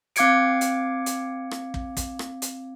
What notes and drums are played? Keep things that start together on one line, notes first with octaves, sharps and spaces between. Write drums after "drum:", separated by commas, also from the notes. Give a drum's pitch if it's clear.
C4 F5 D6 G#6 C#7 D7, drum: hi-hat
drum: hi-hat
drum: hi-hat
drum: rim click
drum: kick
drum: kick, hi-hat
drum: rim click
drum: hi-hat